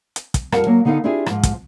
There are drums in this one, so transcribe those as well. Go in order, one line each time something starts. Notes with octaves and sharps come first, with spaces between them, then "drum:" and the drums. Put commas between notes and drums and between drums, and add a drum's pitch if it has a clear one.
drum: hi-hat
drum: kick, hi-hat
F2 G3 A#4 F5 F#5 A5, drum: rim click
F#3 A#3
D3 B3 D#4 A4 B4 F5
C4 D4 E4 F4 G4 G#4
G#2 F3, drum: rim click
drum: kick, hi-hat